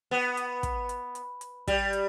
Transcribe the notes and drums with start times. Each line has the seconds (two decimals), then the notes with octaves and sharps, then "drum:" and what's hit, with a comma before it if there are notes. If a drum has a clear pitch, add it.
0.11 B3
0.37 drum: hi-hat
0.63 drum: kick, hi-hat
0.89 drum: hi-hat
1.15 drum: hi-hat
1.41 drum: hi-hat
1.68 G3, drum: kick, hi-hat
1.93 drum: hi-hat